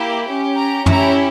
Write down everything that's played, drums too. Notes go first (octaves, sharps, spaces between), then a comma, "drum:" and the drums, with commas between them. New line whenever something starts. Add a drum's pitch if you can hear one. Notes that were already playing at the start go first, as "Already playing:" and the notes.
Already playing: A#3 E4 G4
C#4 G4
A#5
C#4 E4 G4 A#5, drum: tom